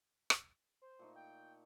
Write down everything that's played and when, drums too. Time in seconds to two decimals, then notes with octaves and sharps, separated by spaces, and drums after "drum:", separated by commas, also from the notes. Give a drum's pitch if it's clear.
0.30 drum: rim click
0.82 C5
0.99 A#2 A3 D#4
1.16 G5